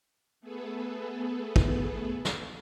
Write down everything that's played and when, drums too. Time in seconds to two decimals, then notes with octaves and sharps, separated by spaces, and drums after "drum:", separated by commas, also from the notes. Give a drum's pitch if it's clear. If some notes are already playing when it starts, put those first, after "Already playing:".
0.41 A3 B3 G#4 A4 B4
1.56 drum: kick
2.25 drum: snare